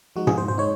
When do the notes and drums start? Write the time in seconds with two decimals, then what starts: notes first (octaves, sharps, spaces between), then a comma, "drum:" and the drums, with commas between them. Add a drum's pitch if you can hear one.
0.16 F3 G#3 D#4 F#4
0.27 G#4, drum: tom G#2
0.38 C5
0.48 C5
0.58 G#3 D#4 C#5